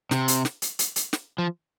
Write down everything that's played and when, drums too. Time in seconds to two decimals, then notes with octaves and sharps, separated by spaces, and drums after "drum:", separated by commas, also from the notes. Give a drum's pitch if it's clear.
0.11 C3, drum: snare
0.28 drum: hi-hat
0.45 drum: snare
0.62 drum: hi-hat
0.79 drum: hi-hat
0.96 drum: hi-hat
1.13 drum: snare
1.38 F3